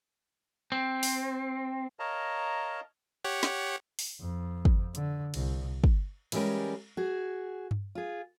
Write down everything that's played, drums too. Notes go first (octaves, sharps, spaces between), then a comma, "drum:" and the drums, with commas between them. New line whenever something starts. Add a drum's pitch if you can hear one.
C4
drum: open hi-hat
A#4 C#5 D#5 F5 A5 A#5
G4 C#5 F#5
drum: snare
drum: open hi-hat
F2
drum: kick
D3, drum: hi-hat
C2, drum: cymbal
drum: kick
E3 G3 G#3 C#4 G4 A#4, drum: cymbal
F#4 G#4
drum: tom G2
F4 G#4